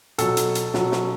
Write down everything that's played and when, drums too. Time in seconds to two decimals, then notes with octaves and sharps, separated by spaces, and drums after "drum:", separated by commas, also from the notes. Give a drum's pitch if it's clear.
0.18 B2 F#3 A4, drum: hi-hat
0.37 drum: hi-hat
0.55 drum: hi-hat
0.74 B2 F#3, drum: snare
0.92 drum: snare